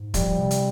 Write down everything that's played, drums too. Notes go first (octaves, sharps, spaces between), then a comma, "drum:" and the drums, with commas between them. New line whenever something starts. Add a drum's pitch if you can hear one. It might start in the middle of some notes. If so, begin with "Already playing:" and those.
Already playing: G#2
F3 G3, drum: kick, hi-hat
C3
drum: hi-hat